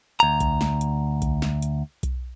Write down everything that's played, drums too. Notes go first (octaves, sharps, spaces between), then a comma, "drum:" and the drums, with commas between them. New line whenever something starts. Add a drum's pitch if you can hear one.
D2 A#5, drum: hi-hat
drum: kick B1, hi-hat
drum: snare
drum: hi-hat
drum: kick B1, hi-hat
drum: snare
drum: hi-hat
drum: kick B1, hi-hat